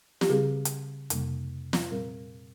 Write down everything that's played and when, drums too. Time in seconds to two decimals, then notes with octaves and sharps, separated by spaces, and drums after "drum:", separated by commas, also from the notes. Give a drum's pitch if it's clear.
0.21 G4, drum: snare
0.29 C#3 G3 C4 G#4
0.65 drum: hi-hat
1.10 F2 C3 G3 A#3, drum: hi-hat
1.73 drum: snare
1.91 A#2 G3 C4 A#4